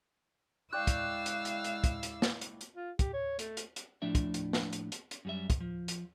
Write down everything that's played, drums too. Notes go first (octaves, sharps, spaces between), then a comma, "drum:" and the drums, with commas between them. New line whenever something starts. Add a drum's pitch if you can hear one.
G#3 E4 C#5 D5 F5 G5 E6 F#6
drum: kick, hi-hat
drum: hi-hat
drum: hi-hat
drum: hi-hat
drum: kick, hi-hat
drum: hi-hat
drum: snare
drum: hi-hat
drum: hi-hat
F4
G4, drum: kick, hi-hat
C#5
A3, drum: hi-hat
drum: hi-hat
drum: hi-hat
A2 F3 D4 D5 E5
drum: kick, hi-hat
drum: hi-hat
drum: snare
drum: hi-hat
drum: hi-hat
drum: hi-hat
F#2 G3 E5
drum: kick, hi-hat
F3
drum: hi-hat